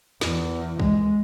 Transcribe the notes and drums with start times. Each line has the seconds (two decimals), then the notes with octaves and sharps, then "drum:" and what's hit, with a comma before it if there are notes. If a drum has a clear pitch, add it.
0.21 E2, drum: snare
0.80 G#3, drum: kick